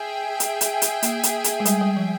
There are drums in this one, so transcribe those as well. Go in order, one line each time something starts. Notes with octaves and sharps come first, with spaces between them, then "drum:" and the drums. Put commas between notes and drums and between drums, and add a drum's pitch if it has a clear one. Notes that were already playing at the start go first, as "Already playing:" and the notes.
Already playing: G#4 E5 G5
drum: hi-hat
drum: hi-hat
drum: hi-hat
A#3, drum: hi-hat
drum: hi-hat
drum: hi-hat
G#3
G3, drum: hi-hat
G3
F3